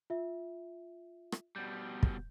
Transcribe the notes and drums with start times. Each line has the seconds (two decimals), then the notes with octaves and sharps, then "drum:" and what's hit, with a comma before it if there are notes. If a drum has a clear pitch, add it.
0.10 F4 E5
1.32 drum: rim click
1.56 B2 G3 G6
2.03 drum: kick